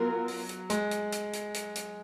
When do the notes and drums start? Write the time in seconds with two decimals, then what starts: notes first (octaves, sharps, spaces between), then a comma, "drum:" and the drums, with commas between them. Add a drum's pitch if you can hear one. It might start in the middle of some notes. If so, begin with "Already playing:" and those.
Already playing: F#3 B3 F4 A#4
0.28 drum: open hi-hat
0.49 drum: hi-hat
0.70 G#3, drum: hi-hat
0.91 drum: hi-hat
1.12 drum: hi-hat
1.33 drum: hi-hat
1.54 drum: hi-hat
1.75 drum: hi-hat